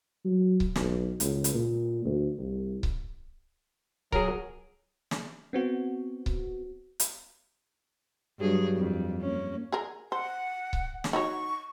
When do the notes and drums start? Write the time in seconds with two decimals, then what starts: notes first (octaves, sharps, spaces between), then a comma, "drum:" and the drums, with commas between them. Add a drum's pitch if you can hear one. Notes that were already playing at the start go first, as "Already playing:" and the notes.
0.25 F#3
0.60 drum: kick C#1
0.75 B1, drum: snare
1.20 C#2, drum: hi-hat
1.44 drum: hi-hat
1.54 A#2
2.05 D2
2.39 C2
2.83 drum: kick C#1
4.12 F#3 G#4 A#4, drum: kick C#1
5.11 drum: snare
5.53 B3 C4 F#4
6.26 drum: kick C#1
7.00 drum: hi-hat
8.39 G2 F#3 G#4
8.76 F2
9.21 A#3 C#4
9.72 G#4 A#4
10.12 C5 F#5
10.73 drum: kick C#1
11.04 drum: snare
11.13 D#4 F#4 C#5 C#6